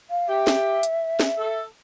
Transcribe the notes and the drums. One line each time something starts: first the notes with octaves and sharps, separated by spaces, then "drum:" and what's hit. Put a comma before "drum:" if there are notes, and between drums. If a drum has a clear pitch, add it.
F5
G4 E5
drum: snare
drum: hi-hat
drum: snare
A4